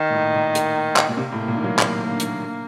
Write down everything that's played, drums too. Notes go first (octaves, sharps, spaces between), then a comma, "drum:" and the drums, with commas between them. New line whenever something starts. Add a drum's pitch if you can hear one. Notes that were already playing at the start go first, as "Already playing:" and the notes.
Already playing: D#3
A#2
A2
A#2
drum: hi-hat
drum: clap
A#2
C3 A#3
A2
A#2
D#3
F#3
D#3, drum: clap
D3
drum: hi-hat
D3